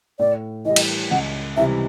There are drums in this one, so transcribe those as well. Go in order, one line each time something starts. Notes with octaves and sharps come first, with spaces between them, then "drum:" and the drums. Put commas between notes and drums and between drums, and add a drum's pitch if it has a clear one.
A2 D5
E3 G3 D#5
drum: cymbal
C#2 F#5
C3 E3 G3 E5